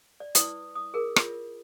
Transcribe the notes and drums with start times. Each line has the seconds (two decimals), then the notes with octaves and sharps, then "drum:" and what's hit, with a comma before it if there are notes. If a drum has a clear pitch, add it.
0.20 D5
0.35 E4 B4 D5 D#6, drum: hi-hat
0.75 D#6
0.94 G#4 A#4
1.16 F4 C#5, drum: rim click